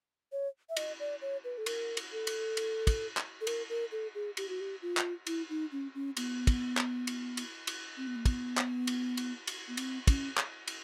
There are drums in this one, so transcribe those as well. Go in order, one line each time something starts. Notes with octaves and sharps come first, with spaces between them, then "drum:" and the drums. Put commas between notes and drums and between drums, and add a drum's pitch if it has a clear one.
C#5
E5
D#5, drum: cymbal
D5
C#5
B4
A4
A#4, drum: cymbal
drum: cymbal
A4
drum: cymbal
drum: cymbal
drum: kick, cymbal
drum: clap
A4
A#4, drum: cymbal
A#4
A4
G#4
G4, drum: cymbal
F#4
G4
F4
drum: clap
E4, drum: cymbal
D#4
C#4
C#4
B3, drum: cymbal
drum: kick, cymbal
drum: clap
drum: cymbal
drum: cymbal
drum: cymbal
C4
B3
A#3
B3, drum: kick, cymbal
drum: clap
drum: cymbal
drum: cymbal
drum: cymbal
B3
C4, drum: cymbal
C#4, drum: kick, cymbal
drum: clap
drum: cymbal